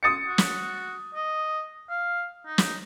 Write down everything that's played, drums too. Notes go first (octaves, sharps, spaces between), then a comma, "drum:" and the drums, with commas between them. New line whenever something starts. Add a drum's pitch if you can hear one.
D#6 A6 C#7
F#4
drum: snare
D#5
F5
D#4
drum: snare